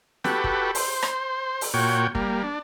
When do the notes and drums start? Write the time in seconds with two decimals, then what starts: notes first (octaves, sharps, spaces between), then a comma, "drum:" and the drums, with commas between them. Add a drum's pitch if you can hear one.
0.24 F#4 G4 A4 B4, drum: snare
0.44 drum: kick
0.75 C5, drum: open hi-hat
1.03 drum: rim click
1.61 drum: open hi-hat
1.74 A#2 F#4 C#5 G5
2.15 G3 A#3, drum: kick
2.44 D4